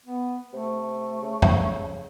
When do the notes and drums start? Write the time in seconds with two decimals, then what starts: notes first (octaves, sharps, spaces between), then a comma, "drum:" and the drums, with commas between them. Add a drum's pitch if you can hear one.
0.06 B3
0.53 C3 A3
1.22 C#3
1.42 drum: tom F2